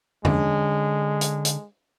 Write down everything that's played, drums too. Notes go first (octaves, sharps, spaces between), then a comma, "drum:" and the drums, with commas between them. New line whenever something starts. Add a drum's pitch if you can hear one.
D3 G#3 C#4, drum: tom E2
drum: hi-hat
drum: hi-hat